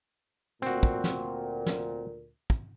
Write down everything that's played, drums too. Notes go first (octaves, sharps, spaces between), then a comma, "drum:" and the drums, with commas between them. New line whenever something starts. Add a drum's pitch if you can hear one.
D2 A#2 C4 F#4
drum: kick
drum: snare
drum: snare
drum: kick